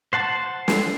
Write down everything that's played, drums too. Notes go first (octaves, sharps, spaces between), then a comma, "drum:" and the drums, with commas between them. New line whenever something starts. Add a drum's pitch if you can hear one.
C5 F#5 A5
drum: snare